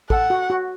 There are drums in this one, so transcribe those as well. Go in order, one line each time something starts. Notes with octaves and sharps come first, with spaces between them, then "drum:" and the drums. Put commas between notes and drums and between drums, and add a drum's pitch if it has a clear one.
A4 F#5, drum: kick
F#4
F#4